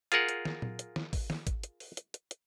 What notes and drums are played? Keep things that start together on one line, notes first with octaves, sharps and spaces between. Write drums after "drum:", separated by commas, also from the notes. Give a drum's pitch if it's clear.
F4 G#4 A#4 F#5, drum: hi-hat
drum: hi-hat
drum: snare
drum: tom A#2
drum: hi-hat
drum: snare
drum: kick, open hi-hat
drum: snare
drum: kick, hi-hat
drum: hi-hat
drum: open hi-hat
drum: hi-hat
drum: hi-hat
drum: hi-hat